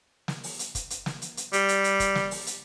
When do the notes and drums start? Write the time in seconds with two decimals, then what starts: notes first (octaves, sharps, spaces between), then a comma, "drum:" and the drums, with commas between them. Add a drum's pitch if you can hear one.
0.28 drum: snare
0.44 drum: open hi-hat
0.59 drum: hi-hat
0.75 drum: kick, hi-hat
0.90 drum: hi-hat
1.06 drum: snare
1.22 drum: hi-hat
1.37 drum: hi-hat
1.53 G3, drum: hi-hat
1.69 drum: hi-hat
1.84 drum: hi-hat
2.00 drum: kick, hi-hat
2.15 drum: snare
2.31 drum: open hi-hat
2.47 drum: hi-hat